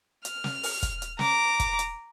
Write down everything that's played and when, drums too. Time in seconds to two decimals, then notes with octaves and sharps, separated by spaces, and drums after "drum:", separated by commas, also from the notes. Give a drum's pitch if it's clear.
0.25 F6, drum: hi-hat
0.44 drum: snare
0.63 drum: open hi-hat
0.83 drum: kick, hi-hat
1.02 drum: hi-hat
1.19 A#5 D6, drum: snare
1.60 drum: kick, hi-hat
1.79 drum: hi-hat